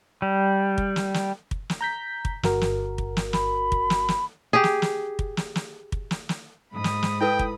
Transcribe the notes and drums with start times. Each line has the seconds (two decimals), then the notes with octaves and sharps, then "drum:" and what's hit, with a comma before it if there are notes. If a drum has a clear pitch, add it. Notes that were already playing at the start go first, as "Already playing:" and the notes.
0.22 G3
0.78 drum: kick
0.96 drum: snare
1.14 drum: snare
1.51 drum: kick
1.70 drum: snare
1.81 A#5 G6 B6
2.25 drum: kick
2.43 G1 F#4 A#4, drum: snare
2.61 drum: snare
2.98 drum: kick
3.17 drum: snare
3.33 B5, drum: snare
3.72 drum: kick
3.90 drum: snare
4.08 drum: snare
4.53 G4 G#4
4.64 drum: snare
4.82 drum: snare
5.19 drum: kick
5.37 drum: snare
5.56 drum: snare
5.92 drum: kick
6.11 drum: snare
6.29 drum: snare
6.72 G#2 B5 D#6
6.84 drum: snare
7.03 drum: snare
7.21 E4 A4 B4 G5
7.39 drum: kick